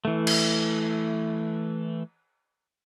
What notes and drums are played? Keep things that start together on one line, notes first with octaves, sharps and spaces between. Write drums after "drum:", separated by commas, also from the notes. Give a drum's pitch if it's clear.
E3 A3
drum: cymbal